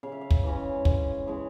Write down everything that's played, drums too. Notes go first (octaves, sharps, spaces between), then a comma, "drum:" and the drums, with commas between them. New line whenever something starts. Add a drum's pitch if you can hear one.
C#3 F5
E5
F5
drum: kick
E3 G#3 C#4
C#3, drum: kick
E3 G#3 C#4